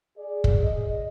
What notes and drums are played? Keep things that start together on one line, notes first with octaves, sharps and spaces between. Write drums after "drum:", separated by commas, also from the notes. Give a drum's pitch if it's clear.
G#4 D5
drum: kick
D#5